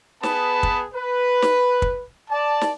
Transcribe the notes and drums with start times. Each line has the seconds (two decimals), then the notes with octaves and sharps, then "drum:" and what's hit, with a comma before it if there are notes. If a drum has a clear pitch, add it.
0.23 B3 G#4 B4 A5 B5, drum: snare
0.63 drum: kick
0.94 B4
1.42 drum: snare
1.82 drum: kick
2.30 D5 A5
2.61 drum: snare